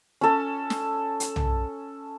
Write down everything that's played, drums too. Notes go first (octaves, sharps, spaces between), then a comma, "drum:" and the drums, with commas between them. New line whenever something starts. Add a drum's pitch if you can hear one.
C#4 A4
drum: snare
drum: hi-hat
drum: tom B1